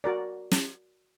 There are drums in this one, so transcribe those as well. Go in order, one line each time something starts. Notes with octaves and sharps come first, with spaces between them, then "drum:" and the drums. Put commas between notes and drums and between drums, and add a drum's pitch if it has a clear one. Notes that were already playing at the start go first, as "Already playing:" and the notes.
F#4 A#4 D5
drum: snare